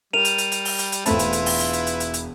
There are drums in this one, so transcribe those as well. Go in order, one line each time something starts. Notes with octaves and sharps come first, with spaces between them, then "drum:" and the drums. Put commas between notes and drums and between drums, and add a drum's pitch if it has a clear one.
G3 A#4 D#7 F7
drum: hi-hat
drum: hi-hat
drum: hi-hat
drum: open hi-hat
drum: hi-hat
drum: hi-hat
E1 A3 C4 E4 F4 B4 A5 B5, drum: hi-hat
drum: hi-hat
drum: hi-hat
drum: open hi-hat
drum: hi-hat
drum: hi-hat
drum: hi-hat
drum: hi-hat
drum: hi-hat